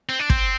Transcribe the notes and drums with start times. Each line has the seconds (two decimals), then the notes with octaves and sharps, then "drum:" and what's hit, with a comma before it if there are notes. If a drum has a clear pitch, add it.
0.09 C4
0.19 D4
0.30 C4, drum: kick